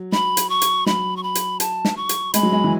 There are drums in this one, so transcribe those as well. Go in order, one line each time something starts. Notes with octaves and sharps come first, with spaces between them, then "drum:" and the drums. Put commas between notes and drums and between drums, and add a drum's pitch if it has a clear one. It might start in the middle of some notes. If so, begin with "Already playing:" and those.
Already playing: F#3
B5, drum: snare
drum: hi-hat
C#6
drum: hi-hat
F#3 B5, drum: snare
C#6
B5
drum: hi-hat
A5, drum: hi-hat
drum: snare
C#6
drum: hi-hat
G#3 B5, drum: hi-hat
F#3
G#3
E3